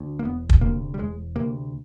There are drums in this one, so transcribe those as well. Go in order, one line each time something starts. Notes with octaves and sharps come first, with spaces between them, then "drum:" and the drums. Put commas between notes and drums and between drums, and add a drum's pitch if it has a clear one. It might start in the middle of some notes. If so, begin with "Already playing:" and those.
Already playing: D2
A#3
E1 B3
drum: kick
D2 C3 A#3
G3
E1 G#3
D2 C3 A#3